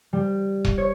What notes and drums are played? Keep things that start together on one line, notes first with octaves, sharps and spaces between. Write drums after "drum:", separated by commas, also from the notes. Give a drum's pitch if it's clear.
G3
drum: kick E1
C#5